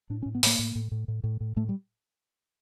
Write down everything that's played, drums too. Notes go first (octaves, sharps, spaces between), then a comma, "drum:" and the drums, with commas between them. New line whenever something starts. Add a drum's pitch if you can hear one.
A2 D4
C#4
A2
B3
A2 A#3, drum: open hi-hat
A2
A2
A2
A2
A2
A2
A2 A3
G3